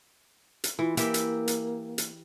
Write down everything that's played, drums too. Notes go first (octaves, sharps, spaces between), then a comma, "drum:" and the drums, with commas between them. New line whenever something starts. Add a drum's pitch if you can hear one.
drum: hi-hat
E3 F4
E3 A#3 G4 E5, drum: hi-hat
drum: hi-hat
drum: hi-hat
drum: hi-hat